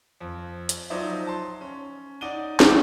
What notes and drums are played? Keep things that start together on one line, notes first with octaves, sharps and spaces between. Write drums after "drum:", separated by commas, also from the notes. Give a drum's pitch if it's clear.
F2
drum: hi-hat
F3 F#3 D#4 C5 D5 E5
A5 C6
C#4
D#4 D5 F#5 D#7 G7
D5 E5 F#5 G5 C#6 D6, drum: snare